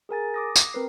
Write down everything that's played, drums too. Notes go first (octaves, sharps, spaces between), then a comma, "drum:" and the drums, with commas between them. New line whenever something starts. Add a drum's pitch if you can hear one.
G#4 A#4 G#5 A6
D6 D#6 A#6
drum: tambourine
C4 A#4 B4 C7